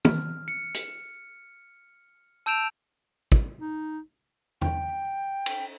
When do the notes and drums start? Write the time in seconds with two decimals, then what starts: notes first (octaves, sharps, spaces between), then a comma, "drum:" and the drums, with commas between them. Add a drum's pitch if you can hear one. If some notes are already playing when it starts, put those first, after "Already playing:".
0.05 F6, drum: tom
0.48 C#7
0.75 drum: hi-hat
2.46 A5 E6 G6 D7 E7 F7
3.32 drum: kick
3.61 D#4
4.61 G5, drum: tom E2
5.46 drum: cymbal